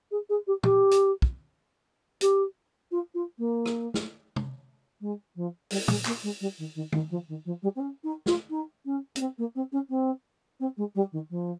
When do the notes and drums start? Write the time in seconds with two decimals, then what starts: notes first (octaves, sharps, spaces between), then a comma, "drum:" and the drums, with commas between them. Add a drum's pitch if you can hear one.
0.11 G#4
0.29 G#4
0.47 G4
0.63 G4, drum: tom
0.91 drum: hi-hat
1.22 drum: kick
2.21 G4, drum: hi-hat
2.91 F4
3.14 F4
3.38 A#3
3.66 drum: rim click
3.94 drum: snare
4.36 drum: tom
5.00 G#3
5.35 F3
5.70 G3, drum: open hi-hat
5.88 G#3, drum: tom
6.06 A#3, drum: clap
6.23 G#3
6.40 G3
6.58 D#3
6.75 D#3
6.92 D#3, drum: tom
7.10 F3
7.28 D#3
7.45 F3
7.62 G3
7.75 C4
7.79 C#4
8.03 D#4
8.26 F4, drum: snare
8.50 D#4
8.85 C#4
9.16 C#4, drum: hi-hat
9.20 C4
9.38 A#3
9.55 C4
9.72 C#4
9.89 C4
10.59 C4
10.77 G#3
10.95 G3
11.12 D#3
11.30 F3